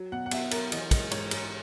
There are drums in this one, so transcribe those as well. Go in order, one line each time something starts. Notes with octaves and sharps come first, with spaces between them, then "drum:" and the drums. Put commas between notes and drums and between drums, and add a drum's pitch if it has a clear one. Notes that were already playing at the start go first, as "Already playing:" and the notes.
Already playing: F#3
B2 F#5
F#5
B2 E5, drum: cymbal
F#3 A#4, drum: cymbal
E3 D#5, drum: cymbal
G#3 D#5, drum: kick, cymbal
G#2 C#5, drum: cymbal
G#2, drum: cymbal